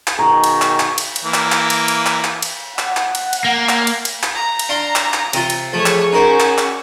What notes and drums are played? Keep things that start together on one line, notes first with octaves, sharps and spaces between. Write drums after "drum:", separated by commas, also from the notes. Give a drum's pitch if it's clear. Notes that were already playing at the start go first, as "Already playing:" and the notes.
drum: clap
B2 D#3 G#4 A#5 C#6
drum: cymbal
drum: clap
drum: clap
drum: cymbal
drum: cymbal
E3 A#3
drum: clap
drum: clap
drum: cymbal
drum: cymbal
drum: clap
drum: clap
drum: cymbal
F#5, drum: clap
drum: clap
drum: cymbal
drum: cymbal
A#3
drum: clap
drum: cymbal
drum: cymbal
drum: clap
A#5
drum: cymbal
D4 F5 C6
drum: clap
drum: clap
C3 F4, drum: cymbal
drum: cymbal
F3 A3 G#4 C#5
drum: clap
C#4 D#4 F#4 A#4 C5
drum: clap
drum: clap